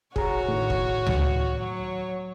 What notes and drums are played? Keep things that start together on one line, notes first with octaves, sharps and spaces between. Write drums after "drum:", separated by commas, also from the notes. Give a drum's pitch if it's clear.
F#4 G#4 C#5 A#5, drum: kick
A2 D#3
drum: kick
drum: tom C#2
F#3 C#5